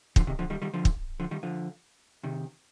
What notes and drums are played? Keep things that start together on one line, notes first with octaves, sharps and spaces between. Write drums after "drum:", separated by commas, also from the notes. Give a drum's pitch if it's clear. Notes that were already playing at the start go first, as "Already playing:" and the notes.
D3 F3, drum: kick
C3 D#3
D3 F3
D#3 G3
D#3 G3
D3 F3
drum: kick
D3 F3
D#3 G3
D3 F3
C3 D#3